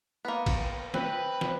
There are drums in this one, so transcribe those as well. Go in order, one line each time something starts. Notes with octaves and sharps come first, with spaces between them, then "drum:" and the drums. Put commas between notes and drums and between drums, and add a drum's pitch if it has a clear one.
A#3 B3
drum: kick, cymbal
C4 B4, drum: snare
drum: snare